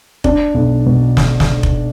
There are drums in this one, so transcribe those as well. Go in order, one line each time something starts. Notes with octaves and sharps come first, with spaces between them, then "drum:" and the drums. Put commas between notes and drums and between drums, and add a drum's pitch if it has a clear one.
D4, drum: kick F1
B1
B2
drum: snare
drum: snare
drum: kick F1